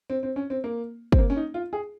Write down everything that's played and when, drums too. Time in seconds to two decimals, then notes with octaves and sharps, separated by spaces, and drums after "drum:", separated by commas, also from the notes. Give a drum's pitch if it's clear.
0.10 C4
0.23 C4
0.36 C#4
0.50 C4
0.64 A#3
1.12 C4, drum: kick
1.19 A#3
1.30 C#4
1.36 D#4
1.54 F4
1.73 G#4